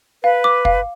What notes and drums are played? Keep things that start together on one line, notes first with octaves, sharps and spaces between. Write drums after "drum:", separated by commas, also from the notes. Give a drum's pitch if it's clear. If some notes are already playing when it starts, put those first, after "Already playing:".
B4 F5
D6
F5, drum: kick